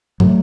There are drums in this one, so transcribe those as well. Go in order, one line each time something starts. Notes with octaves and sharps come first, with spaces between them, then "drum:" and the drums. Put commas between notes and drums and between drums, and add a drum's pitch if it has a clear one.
F#3 A3, drum: tom